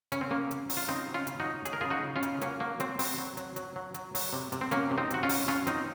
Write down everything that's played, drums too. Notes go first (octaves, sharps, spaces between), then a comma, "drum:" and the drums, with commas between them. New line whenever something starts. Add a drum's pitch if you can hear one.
C#3 C#4, drum: hi-hat
C4
C#3 A#3 C#4
F#3, drum: hi-hat
F#3, drum: open hi-hat
F4
C#3 C4 D#4
F#3
C#4 F4
C#3, drum: hi-hat
D#4 F#4
F#3
F#3 G#4, drum: hi-hat
A#4
C#3 F4 G#4
D#4 F#4
C#3
C#4 F4
C#3, drum: hi-hat
F#3 A#3 C#4, drum: hi-hat
F#3 A#3
F#3 C4, drum: hi-hat
F#3 C4, drum: open hi-hat
F#3
F#3, drum: hi-hat
F#3, drum: hi-hat
F#3
F#3, drum: hi-hat
F#3, drum: open hi-hat
C3
C3, drum: hi-hat
C4
F#3 A#3 C#4, drum: hi-hat
C3
C4 D#4
C3 F#4, drum: hi-hat
C#4 F4
F#3, drum: open hi-hat
F#3 C#4 F4
F#3 C4 D#4, drum: hi-hat